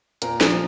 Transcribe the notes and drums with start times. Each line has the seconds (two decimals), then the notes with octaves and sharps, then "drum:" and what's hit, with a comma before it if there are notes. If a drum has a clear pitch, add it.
0.22 A#2 A#4, drum: hi-hat
0.41 F3, drum: snare